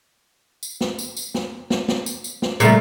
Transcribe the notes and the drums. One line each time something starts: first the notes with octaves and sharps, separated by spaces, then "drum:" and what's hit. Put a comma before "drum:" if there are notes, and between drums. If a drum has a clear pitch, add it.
drum: tambourine
drum: snare
drum: tambourine
drum: tambourine
drum: snare
drum: snare
drum: snare
drum: tambourine
drum: tambourine
drum: snare
A#2 C#3 G3 A3, drum: tambourine